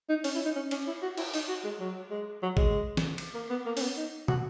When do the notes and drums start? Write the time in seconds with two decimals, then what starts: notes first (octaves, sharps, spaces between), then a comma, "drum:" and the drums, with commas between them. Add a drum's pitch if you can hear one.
0.09 D#4
0.24 C#4, drum: open hi-hat
0.35 E4
0.45 D#4
0.56 C#4
0.71 C#4, drum: cymbal
0.87 E4
1.02 F#4
1.17 E4, drum: cymbal
1.34 D#4, drum: open hi-hat
1.48 F#4
1.64 G#3
1.80 F#3
2.11 G#3
2.42 F#3
2.57 G#3, drum: kick A1
2.97 drum: snare
3.18 drum: cymbal
3.34 A#3
3.50 B3
3.66 A#3
3.77 C#4, drum: open hi-hat
3.81 B3
3.97 D#4
4.28 F#4, drum: tom